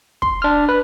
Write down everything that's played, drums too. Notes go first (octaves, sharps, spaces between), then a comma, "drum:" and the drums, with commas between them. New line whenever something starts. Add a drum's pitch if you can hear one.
C6, drum: kick
D4 F6
B4